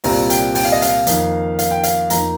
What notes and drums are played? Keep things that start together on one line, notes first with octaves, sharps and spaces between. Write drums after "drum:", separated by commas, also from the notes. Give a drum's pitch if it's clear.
C2 A#2 G3 C4 F4 A#5, drum: open hi-hat
G5, drum: hi-hat
G5, drum: open hi-hat
F5
D#5
F5, drum: hi-hat
F2 D#3 A#3 D#4, drum: hi-hat
F5, drum: hi-hat
G5
F5, drum: hi-hat
F2 F3 A#3 D#4 A#5, drum: hi-hat